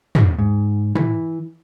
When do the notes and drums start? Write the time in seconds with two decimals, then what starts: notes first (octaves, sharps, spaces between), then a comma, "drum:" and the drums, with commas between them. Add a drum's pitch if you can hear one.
0.15 drum: tom
0.38 G#2
0.95 E3, drum: tom